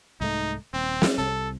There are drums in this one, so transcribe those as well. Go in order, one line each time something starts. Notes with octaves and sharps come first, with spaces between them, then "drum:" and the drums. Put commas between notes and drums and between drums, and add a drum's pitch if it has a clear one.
C2 G#2 A3 D#4
D#1 C4
drum: snare
C2 C3 A4